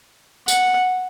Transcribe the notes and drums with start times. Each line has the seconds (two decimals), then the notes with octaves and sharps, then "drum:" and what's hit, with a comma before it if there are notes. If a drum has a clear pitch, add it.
0.48 F#5, drum: tambourine